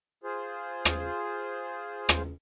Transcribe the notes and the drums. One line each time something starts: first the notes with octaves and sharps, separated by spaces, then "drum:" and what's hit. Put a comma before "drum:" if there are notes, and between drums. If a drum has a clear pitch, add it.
F4 G#4 C5
drum: rim click
drum: rim click